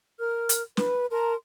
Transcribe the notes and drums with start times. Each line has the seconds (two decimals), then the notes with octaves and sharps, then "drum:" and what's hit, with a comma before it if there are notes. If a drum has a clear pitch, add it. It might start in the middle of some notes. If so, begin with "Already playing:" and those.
0.19 A#4 F6
0.49 drum: hi-hat
0.77 B4, drum: snare
1.11 A#4 A5 A#5 C6